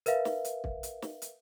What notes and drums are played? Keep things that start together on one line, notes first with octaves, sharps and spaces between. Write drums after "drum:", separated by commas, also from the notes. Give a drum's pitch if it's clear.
A#4 B4 E5 F5, drum: hi-hat
drum: snare
drum: hi-hat
drum: kick
drum: hi-hat
drum: snare
drum: hi-hat